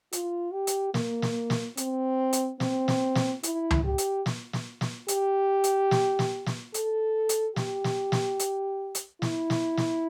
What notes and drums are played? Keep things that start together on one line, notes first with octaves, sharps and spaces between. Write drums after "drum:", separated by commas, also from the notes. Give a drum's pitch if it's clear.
F4, drum: hi-hat
G4
drum: hi-hat
A#3, drum: snare
drum: snare
drum: snare
C4, drum: hi-hat
drum: hi-hat
C4, drum: snare
drum: snare
drum: snare
E4, drum: hi-hat
drum: tom C#2
G4
drum: hi-hat
drum: snare
drum: snare
drum: snare
G4, drum: hi-hat
drum: hi-hat
drum: snare
drum: snare
drum: snare
A4, drum: hi-hat
drum: hi-hat
G4, drum: snare
drum: snare
drum: snare
drum: hi-hat
drum: hi-hat
E4, drum: snare
drum: snare
drum: snare